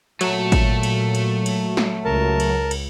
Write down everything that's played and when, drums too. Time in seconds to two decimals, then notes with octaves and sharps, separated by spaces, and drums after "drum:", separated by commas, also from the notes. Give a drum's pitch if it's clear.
0.21 A#2 F#3 A3 A4, drum: cymbal
0.52 drum: kick G#1, cymbal
0.83 drum: cymbal
1.15 drum: cymbal
1.46 drum: cymbal
1.77 drum: snare
2.05 C#2 A#4 A5
2.40 drum: cymbal
2.71 drum: cymbal